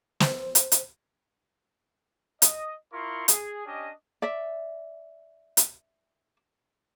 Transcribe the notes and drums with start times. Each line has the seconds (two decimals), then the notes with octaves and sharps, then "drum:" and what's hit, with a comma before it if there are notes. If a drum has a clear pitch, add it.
0.20 C5, drum: snare
0.55 drum: hi-hat
0.72 drum: hi-hat
2.42 D#5, drum: hi-hat
2.92 E4 F4 A#4 C6 C#6
3.28 G#4, drum: hi-hat
3.66 C#4 D4 G4 D#5
4.22 D5 E5
5.57 drum: hi-hat